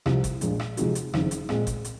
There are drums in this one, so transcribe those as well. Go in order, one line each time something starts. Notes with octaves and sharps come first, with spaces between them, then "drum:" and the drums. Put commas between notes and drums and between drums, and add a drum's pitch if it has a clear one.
C2 C3 F3, drum: rim click
drum: kick G1, hi-hat
A#1 A#2 G#3, drum: hi-hat
drum: rim click
C3 F3 G#3 D#4 F#4, drum: hi-hat
drum: hi-hat
F#1 F2 D#3, drum: rim click
drum: hi-hat
A#2 G#3 C4, drum: rim click
drum: kick G1, hi-hat
drum: hi-hat